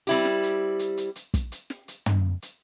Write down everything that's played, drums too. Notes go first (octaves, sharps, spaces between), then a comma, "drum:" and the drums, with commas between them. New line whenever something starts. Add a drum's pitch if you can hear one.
G3 C4 E4 G4, drum: hi-hat
drum: snare
drum: hi-hat
drum: hi-hat
drum: hi-hat
drum: hi-hat
drum: kick, hi-hat
drum: hi-hat
drum: snare
drum: hi-hat
drum: tom
drum: hi-hat